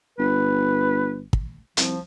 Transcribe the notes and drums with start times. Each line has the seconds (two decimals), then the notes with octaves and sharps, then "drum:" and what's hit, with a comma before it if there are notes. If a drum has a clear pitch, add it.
0.18 G1 B4
1.33 drum: kick
1.77 C2 F3, drum: hi-hat